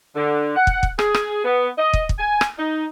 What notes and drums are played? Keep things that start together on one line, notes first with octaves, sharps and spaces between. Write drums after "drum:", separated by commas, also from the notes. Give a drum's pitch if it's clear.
D3
F#5
drum: kick
drum: kick
G#4, drum: rim click
drum: rim click
B3
D#5
drum: kick
drum: kick
G#5
drum: rim click
D#4